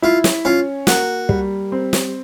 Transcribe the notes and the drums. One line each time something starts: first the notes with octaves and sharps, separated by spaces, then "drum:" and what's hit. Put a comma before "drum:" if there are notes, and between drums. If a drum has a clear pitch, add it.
E4 F4
drum: snare
C#4 F4
A#3 F#4, drum: snare
G3, drum: kick
C4
drum: snare